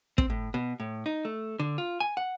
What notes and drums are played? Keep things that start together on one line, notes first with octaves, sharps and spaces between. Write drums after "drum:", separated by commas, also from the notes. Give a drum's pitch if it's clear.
C4, drum: kick
A2
B2
A2
D#4
A3
D3
F4
G#5
F#5